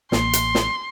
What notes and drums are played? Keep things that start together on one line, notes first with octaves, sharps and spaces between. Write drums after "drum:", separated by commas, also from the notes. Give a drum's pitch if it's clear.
A1 A#3 C6, drum: snare
drum: hi-hat
drum: snare